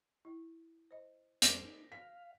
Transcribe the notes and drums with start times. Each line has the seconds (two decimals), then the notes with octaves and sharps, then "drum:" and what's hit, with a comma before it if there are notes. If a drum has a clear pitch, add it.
0.25 E4
0.91 C5 D#5
1.42 F2 G3 G#4 C5 D6 A#6 B6, drum: hi-hat
1.64 D#4
1.92 F5 B6